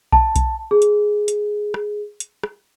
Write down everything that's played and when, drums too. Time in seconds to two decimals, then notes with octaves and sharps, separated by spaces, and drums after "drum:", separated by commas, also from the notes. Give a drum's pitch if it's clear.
0.12 A5, drum: kick B1
0.36 drum: kick B1, hi-hat
0.71 G#4
0.82 drum: hi-hat
1.28 drum: hi-hat
1.74 drum: rim click
2.20 drum: hi-hat
2.43 drum: rim click